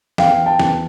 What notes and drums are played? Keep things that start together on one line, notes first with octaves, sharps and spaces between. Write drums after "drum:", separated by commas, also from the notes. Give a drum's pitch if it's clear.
E2 F5 G5, drum: snare
G5 A5
E2, drum: snare